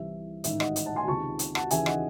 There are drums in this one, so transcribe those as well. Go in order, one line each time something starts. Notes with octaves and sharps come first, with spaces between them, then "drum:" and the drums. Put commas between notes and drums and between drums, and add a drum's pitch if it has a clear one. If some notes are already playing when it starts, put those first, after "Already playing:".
Already playing: C2 C3 E3 E5
A1 G#2 D#3 E5, drum: hi-hat
D#5 F#5, drum: rim click
drum: hi-hat
F#5 A5
G#5 C6
C#2 C3 D#3 A5 C#6
drum: hi-hat
F#5 A5, drum: rim click
D#2 C#3 E3 E5 G#5, drum: hi-hat
D#5 F#5, drum: rim click